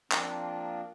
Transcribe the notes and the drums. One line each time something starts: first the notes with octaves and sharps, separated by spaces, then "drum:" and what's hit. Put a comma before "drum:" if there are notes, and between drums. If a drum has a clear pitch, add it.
F3 A#3 C4 D4 F4, drum: clap